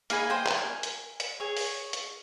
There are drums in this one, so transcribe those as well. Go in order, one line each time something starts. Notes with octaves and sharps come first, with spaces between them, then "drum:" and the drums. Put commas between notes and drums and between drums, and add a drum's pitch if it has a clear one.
A#3 D#4 G#4 G#5 B5, drum: hi-hat
C5 D#5 G5 G#5
drum: clap
A#4
drum: hi-hat
drum: hi-hat
G#4 C#5
drum: open hi-hat
drum: hi-hat